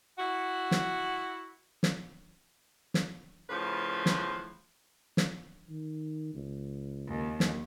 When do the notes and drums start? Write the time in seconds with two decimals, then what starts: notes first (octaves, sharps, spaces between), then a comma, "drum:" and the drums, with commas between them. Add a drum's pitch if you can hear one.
0.18 E4 F#4
0.71 drum: snare
1.83 drum: snare
2.94 drum: snare
3.50 A2 C#3 F3 B4 C6
4.06 drum: snare
5.17 drum: snare
5.70 D#3
6.34 C#2
7.08 D#2
7.40 drum: snare